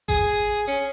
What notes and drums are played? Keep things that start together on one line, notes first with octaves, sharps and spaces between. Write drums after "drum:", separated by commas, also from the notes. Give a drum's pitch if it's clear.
G#4, drum: kick G#1, hi-hat
C#4, drum: hi-hat